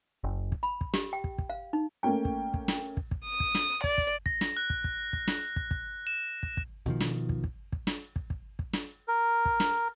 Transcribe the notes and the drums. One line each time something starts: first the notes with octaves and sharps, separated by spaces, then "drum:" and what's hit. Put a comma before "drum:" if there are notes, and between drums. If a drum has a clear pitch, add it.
F#1
drum: kick
B5
drum: kick
G4, drum: snare
G5
drum: kick
drum: kick
F5
D#4
A3 A#3 C#4 G5
drum: kick
drum: kick
drum: snare
drum: kick
drum: kick
D#6
drum: kick
drum: snare
D5, drum: kick
drum: kick
A#6, drum: kick
drum: snare
F#6
drum: kick
drum: kick
drum: kick
drum: snare
drum: kick
drum: kick
E7
drum: kick
drum: kick
B2 D#3 F3, drum: kick
drum: snare
drum: kick
drum: kick
drum: kick
drum: snare
drum: kick
drum: kick
drum: kick
drum: snare
A#4
drum: kick
drum: snare